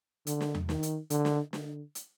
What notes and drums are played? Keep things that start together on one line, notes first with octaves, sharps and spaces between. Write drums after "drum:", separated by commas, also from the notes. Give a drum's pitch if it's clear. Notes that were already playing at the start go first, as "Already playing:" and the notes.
D3, drum: hi-hat
drum: snare
drum: tom E2
D#3, drum: snare
drum: hi-hat
D3, drum: hi-hat
drum: snare
D3, drum: snare
drum: hi-hat